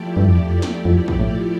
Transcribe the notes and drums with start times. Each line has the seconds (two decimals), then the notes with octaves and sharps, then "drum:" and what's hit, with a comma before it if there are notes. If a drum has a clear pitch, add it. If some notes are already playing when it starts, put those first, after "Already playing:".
Already playing: F3 A3 E4 G4 D5
0.17 G2
0.28 F2
0.38 E2
0.49 F2
0.62 drum: snare
0.85 F2
1.08 drum: kick
1.20 A2